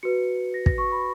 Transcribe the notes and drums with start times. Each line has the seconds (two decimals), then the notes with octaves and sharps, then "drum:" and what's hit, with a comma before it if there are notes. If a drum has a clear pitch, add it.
0.03 F#4 B4 C#7
0.54 A#6
0.66 A#6, drum: kick
0.78 C#6
0.92 B5